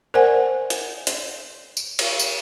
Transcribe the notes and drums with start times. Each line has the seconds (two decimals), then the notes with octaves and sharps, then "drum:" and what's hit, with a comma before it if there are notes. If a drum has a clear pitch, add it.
0.14 A#4 C5 D5 F#5 G#5
0.70 drum: hi-hat
1.07 drum: hi-hat
1.77 drum: tambourine
1.99 drum: cymbal
2.19 drum: tambourine